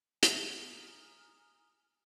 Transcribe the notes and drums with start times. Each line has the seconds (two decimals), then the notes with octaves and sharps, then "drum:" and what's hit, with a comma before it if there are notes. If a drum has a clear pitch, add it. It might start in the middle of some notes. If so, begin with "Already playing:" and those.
0.23 G#5 A#5 D#6 F6, drum: hi-hat